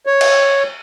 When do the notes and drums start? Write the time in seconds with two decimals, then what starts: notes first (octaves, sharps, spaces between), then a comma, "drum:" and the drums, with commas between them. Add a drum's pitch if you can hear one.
0.06 C#5
0.21 drum: cymbal